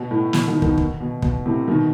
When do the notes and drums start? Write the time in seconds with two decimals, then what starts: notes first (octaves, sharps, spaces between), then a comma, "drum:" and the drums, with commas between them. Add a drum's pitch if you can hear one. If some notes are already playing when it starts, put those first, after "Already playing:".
Already playing: B2
0.11 A2
0.33 B2, drum: snare
0.47 B2 D#3
0.62 B2 D#3, drum: kick
0.78 drum: kick
1.00 B2
1.22 B2, drum: kick
1.46 A2 C3
1.68 B2 D#3